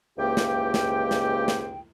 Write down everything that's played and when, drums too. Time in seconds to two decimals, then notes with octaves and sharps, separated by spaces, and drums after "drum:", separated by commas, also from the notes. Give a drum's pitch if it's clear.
0.18 C#2 G#2 E3 A#3 G4 G5
0.37 drum: snare
0.74 drum: snare
1.11 drum: snare
1.48 drum: snare